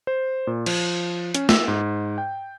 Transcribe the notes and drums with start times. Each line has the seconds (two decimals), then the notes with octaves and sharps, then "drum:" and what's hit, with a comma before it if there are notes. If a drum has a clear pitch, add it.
0.07 C5
0.47 A#2
0.66 F3, drum: cymbal
1.34 C#4, drum: hi-hat
1.49 E6, drum: snare
1.68 G#2
2.18 G5